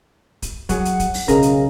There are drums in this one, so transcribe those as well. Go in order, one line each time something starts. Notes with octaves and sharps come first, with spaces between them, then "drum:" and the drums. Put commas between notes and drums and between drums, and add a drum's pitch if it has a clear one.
drum: kick, hi-hat
F#3 G#4 F#5, drum: kick, hi-hat
drum: hi-hat
drum: kick, hi-hat
drum: open hi-hat
B1 C#3 C#4 G#4 A#4, drum: kick, hi-hat
drum: hi-hat